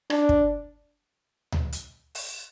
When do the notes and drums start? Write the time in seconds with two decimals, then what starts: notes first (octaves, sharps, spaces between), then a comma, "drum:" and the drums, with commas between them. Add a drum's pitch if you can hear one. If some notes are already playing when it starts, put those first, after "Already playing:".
0.10 D4, drum: rim click
0.29 drum: kick
1.52 drum: tom D2
1.72 drum: hi-hat
2.15 drum: open hi-hat